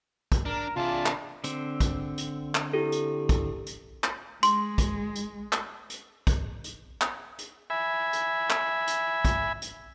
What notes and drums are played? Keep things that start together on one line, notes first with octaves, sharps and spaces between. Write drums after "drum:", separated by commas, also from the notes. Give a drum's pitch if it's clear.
drum: kick, hi-hat
D4 A#4
C3 D4 F4 G#4 D5 E5 A5
drum: clap
D3 C4, drum: hi-hat
drum: kick, hi-hat
drum: hi-hat
drum: clap
E4 G4 A4
drum: hi-hat
drum: kick, hi-hat
drum: hi-hat
drum: clap
G#3 C6, drum: hi-hat
drum: kick, hi-hat
drum: hi-hat
drum: clap
drum: hi-hat
drum: kick, hi-hat
drum: hi-hat
drum: clap
drum: hi-hat
E5 G#5 B5
drum: hi-hat
drum: clap
drum: hi-hat
drum: kick, hi-hat
drum: hi-hat